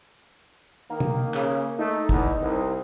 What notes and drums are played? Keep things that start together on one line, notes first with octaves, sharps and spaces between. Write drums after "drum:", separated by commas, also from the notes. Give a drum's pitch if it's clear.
D#3 A#3
drum: tom
C#3, drum: clap
A3 D#4
E2, drum: kick
C2